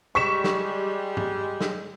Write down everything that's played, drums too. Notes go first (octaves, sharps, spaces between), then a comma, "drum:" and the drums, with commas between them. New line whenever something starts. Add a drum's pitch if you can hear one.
G3 G#3 C#6 B6 E7
drum: snare
drum: tom
drum: snare